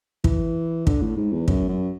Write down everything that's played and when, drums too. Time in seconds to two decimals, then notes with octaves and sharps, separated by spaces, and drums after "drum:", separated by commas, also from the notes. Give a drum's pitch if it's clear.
0.24 E3, drum: kick
0.87 D3, drum: kick
1.02 A2
1.17 G#2
1.33 E2
1.48 F#2, drum: kick
1.69 F#2